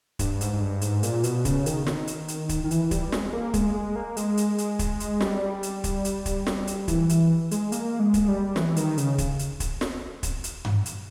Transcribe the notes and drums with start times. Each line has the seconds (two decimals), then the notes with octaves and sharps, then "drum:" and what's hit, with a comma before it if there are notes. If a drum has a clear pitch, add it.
0.19 G2, drum: kick, hi-hat
0.41 G#2, drum: hi-hat
0.53 G#2
0.61 G2
0.81 G#2, drum: hi-hat
1.03 A#2, drum: hi-hat
1.24 B2, drum: hi-hat
1.45 C#3, drum: kick, hi-hat
1.66 D#3, drum: hi-hat
1.87 drum: snare
2.07 drum: hi-hat
2.28 drum: hi-hat
2.49 drum: kick, hi-hat
2.64 D#3
2.71 E3, drum: hi-hat
2.91 G3, drum: kick, hi-hat
3.12 G#3, drum: snare
3.33 A#3
3.54 G#3, drum: kick, hi-hat
3.74 G#3
3.96 A#3
4.17 G#3, drum: hi-hat
4.37 drum: hi-hat
4.58 drum: hi-hat
4.79 drum: kick, hi-hat
5.00 drum: hi-hat
5.21 G3, drum: snare
5.63 drum: hi-hat
5.84 drum: kick, hi-hat
6.05 drum: hi-hat
6.26 drum: kick, hi-hat
6.46 drum: snare
6.67 drum: hi-hat
6.88 E3, drum: kick, hi-hat
7.09 E3, drum: hi-hat
7.51 G#3, drum: hi-hat
7.72 A#3, drum: hi-hat
8.00 G#3
8.14 drum: kick, hi-hat
8.28 G3
8.56 E3, drum: snare
8.76 D#3, drum: hi-hat
8.98 C#3, drum: hi-hat
9.18 drum: kick, hi-hat
9.39 drum: hi-hat
9.60 drum: kick, hi-hat
9.81 drum: snare
10.23 drum: kick, hi-hat
10.44 drum: hi-hat
10.65 drum: tom G2
10.86 drum: hi-hat